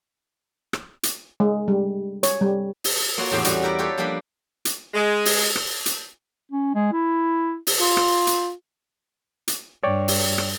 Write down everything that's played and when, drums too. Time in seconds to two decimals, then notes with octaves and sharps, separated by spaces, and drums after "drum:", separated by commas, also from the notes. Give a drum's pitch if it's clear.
0.73 drum: rim click
1.03 drum: hi-hat
1.40 G#3
1.68 G3
2.23 C#5, drum: hi-hat
2.41 G3
2.84 drum: open hi-hat
3.18 A#3 F4 F#4 C#5 F#5
3.32 E2 A2 C4 G4 F5
3.45 G3 B3 C#4 F#4, drum: hi-hat
3.62 E4 G4 A#4 B4 D5
3.79 F4 G4 A4 B4 C#5
3.98 F3 G3 A#3 D4 G4 B4
4.65 drum: hi-hat
4.94 G#3
5.25 drum: open hi-hat
5.56 drum: rim click
5.86 drum: hi-hat
6.52 C#4
6.75 G#3
6.92 E4
7.67 drum: open hi-hat
7.79 F4
7.97 drum: rim click
8.27 drum: hi-hat
9.48 drum: hi-hat
9.83 G2 C#5 D5 G5
10.08 drum: open hi-hat
10.38 drum: rim click